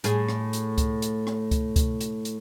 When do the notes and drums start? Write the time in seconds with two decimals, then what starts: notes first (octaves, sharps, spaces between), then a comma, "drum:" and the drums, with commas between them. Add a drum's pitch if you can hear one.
0.04 A2 G#4, drum: hi-hat
0.29 drum: rim click
0.53 drum: hi-hat
0.78 drum: kick C#2, hi-hat
1.02 drum: hi-hat
1.27 drum: rim click
1.51 drum: kick C#2, hi-hat
1.76 drum: kick C#2, hi-hat
2.01 drum: hi-hat
2.25 drum: hi-hat